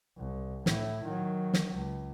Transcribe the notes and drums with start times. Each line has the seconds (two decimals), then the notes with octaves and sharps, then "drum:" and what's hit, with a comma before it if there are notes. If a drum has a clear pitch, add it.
0.17 C2
0.66 A2 E4, drum: snare
1.04 D#3 F#3
1.54 drum: snare
1.75 C#2